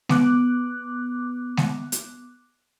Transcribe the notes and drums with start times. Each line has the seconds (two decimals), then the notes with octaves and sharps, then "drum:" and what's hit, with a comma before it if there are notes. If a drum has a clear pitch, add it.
0.09 B3 D6 F#6, drum: snare
1.57 drum: snare
1.92 drum: hi-hat